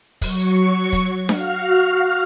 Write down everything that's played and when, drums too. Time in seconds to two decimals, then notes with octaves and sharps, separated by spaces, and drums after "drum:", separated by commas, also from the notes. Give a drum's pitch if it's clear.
0.21 F#3 C#6, drum: kick, open hi-hat
0.93 drum: kick, hi-hat
1.29 F#4 F5 F6, drum: snare D4